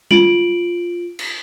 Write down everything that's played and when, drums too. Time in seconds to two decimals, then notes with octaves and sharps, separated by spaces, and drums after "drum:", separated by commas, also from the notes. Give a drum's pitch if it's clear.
0.11 F4 D7 F#7, drum: tom G3
1.19 drum: cymbal